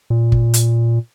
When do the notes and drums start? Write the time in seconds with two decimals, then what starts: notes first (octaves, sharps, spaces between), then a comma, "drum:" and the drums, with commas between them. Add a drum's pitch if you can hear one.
0.10 A#2
0.32 drum: kick
0.54 drum: hi-hat